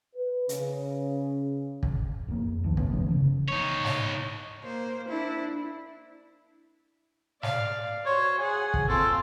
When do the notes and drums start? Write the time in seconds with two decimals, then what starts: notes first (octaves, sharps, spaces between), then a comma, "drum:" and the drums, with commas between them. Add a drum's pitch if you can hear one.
0.15 B4
0.49 C#3, drum: hi-hat
1.83 drum: kick
2.28 F2 A#3
2.64 G#1 D2 D#3 F3
2.77 G2 A3 B3 C#4, drum: kick
2.94 E3 F3 A3
3.11 C#3
3.48 D#4 C#5
3.85 drum: snare
4.63 A#3 C5
5.08 D4 E4
7.43 D5 F5, drum: snare
8.06 F#4 C5 C#5
8.39 G#4 F#5 G#5
8.74 drum: kick
8.88 C4 F4 A4